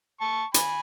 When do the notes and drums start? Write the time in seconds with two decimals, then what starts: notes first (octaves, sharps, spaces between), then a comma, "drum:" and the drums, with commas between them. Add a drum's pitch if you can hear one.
0.21 A5 C#6
0.54 G#5 B5, drum: hi-hat